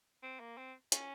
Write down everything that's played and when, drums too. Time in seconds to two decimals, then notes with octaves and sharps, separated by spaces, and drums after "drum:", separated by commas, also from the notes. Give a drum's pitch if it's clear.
0.23 C4
0.40 A#3
0.57 C4
0.92 C#4, drum: hi-hat